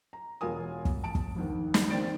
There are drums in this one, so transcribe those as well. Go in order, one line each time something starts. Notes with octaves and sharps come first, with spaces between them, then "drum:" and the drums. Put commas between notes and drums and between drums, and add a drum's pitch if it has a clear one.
A#5
E1 F4 A#4 G#5 D#6
drum: kick
A5 D7
drum: kick
F2 G#2 D#3
drum: snare
A#1 D#3 C4 D5 A6 D7